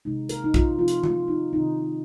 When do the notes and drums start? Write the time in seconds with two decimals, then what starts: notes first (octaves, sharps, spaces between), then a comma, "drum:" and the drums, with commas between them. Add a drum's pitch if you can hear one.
0.05 C3 G#3 D#4
0.29 A#4, drum: hi-hat
0.44 D#4
0.54 F4, drum: kick
0.79 C3 F3 C4 D#4 F4
0.88 drum: hi-hat
1.03 F4, drum: tom D3
1.28 D#4
1.53 C3 D#3 C4 D#4